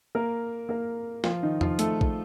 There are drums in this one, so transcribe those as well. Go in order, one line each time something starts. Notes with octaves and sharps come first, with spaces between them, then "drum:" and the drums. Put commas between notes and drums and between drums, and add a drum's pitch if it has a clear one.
A#3 A#4
A#3 A#4
F3 F4, drum: snare
D#3 D#4
F3 F4, drum: tom E2
A3 A4, drum: hi-hat
drum: kick